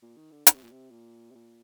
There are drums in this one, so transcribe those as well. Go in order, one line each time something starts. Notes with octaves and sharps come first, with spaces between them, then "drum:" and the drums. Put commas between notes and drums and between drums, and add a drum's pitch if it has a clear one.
A#2
D#3
D3
D3, drum: hi-hat
C3
A#2
C3
A#2
C3
A#2